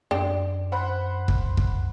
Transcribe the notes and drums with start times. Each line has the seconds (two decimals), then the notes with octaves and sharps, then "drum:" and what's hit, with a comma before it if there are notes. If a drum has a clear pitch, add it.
0.11 F#2 D4 G5
0.72 C5 F#5 B5
1.28 drum: kick
1.57 drum: kick